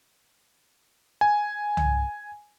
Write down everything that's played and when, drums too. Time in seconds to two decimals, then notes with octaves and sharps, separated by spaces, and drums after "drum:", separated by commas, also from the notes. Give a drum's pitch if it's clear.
1.21 G#5
1.77 drum: tom